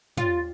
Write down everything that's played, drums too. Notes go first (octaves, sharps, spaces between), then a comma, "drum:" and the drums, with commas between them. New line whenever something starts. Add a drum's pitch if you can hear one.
F4, drum: tom